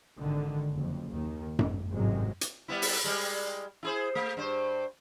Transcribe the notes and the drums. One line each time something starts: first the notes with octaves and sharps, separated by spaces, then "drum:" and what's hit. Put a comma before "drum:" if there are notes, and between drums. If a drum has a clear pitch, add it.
G#1 D3 D#3
F#1 F2
D#2 D#3
G#1, drum: tom F#2
G#1 F#2 A2 C3 F#3 G#3
drum: hi-hat
G3 B3 E4
drum: open hi-hat
G3 G#3
E4 G#4 C5
A3
G2 C5